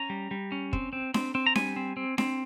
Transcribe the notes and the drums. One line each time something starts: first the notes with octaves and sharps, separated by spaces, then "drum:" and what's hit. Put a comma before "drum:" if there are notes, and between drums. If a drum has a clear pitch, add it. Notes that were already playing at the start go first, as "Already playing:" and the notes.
Already playing: C#4 A#5
G3
G3
C#4
C4, drum: kick
C4
C4, drum: snare D4
C4
A#5
G3 G#5, drum: snare D4
C4
C4
C4, drum: snare D4